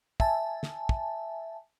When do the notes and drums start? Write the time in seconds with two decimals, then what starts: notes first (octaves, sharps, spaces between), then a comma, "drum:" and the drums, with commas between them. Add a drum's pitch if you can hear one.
0.20 E5 G#5 A5, drum: kick
0.63 drum: snare
0.89 drum: kick